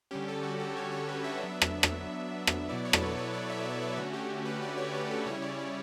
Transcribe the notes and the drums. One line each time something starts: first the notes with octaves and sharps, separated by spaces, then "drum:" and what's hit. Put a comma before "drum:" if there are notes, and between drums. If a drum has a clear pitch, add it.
D3 G3 C#4 G4
A4
F#4
A4
C#5
C#5
B4
E5
F#3 B3 D4
drum: rim click
drum: rim click
drum: rim click
B2 F#3 B3 E4 D5
C#5
A4, drum: rim click
B4
C#5
D5
E5
D5
D5
D3 A3 C#4 F#4
G4
B4
D5
C#5
B4
A4
C#3 G3 C#4 E4 C#5
D5
C#5